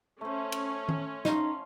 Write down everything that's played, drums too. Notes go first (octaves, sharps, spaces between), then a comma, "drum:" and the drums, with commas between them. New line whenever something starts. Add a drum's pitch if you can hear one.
A3 C#4 C5
drum: cymbal
drum: tom D#3
D#4 F5 C6, drum: snare